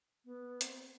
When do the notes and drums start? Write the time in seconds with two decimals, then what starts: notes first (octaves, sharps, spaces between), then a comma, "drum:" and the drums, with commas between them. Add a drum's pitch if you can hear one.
0.25 B3
0.61 C4, drum: hi-hat